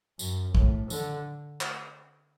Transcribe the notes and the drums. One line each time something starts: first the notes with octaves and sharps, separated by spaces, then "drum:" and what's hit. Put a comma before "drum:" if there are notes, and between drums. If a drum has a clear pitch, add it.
F#2, drum: tambourine
A2, drum: kick
D3, drum: tambourine
drum: clap